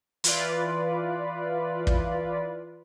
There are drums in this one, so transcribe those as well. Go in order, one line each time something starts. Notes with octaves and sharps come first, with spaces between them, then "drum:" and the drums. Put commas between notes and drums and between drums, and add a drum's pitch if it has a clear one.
E3 F4 B4 D5, drum: hi-hat
drum: kick